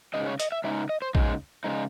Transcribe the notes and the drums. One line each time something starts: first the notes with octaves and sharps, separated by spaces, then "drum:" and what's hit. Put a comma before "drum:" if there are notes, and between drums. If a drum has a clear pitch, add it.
C#3 G#3 D#4 D#5
C#5
D#5, drum: hi-hat
E5
C#3 G#3 D#4 E5
D#5
C5
C#3 G#3 D#4, drum: kick A#1
C#3 G#3 D#4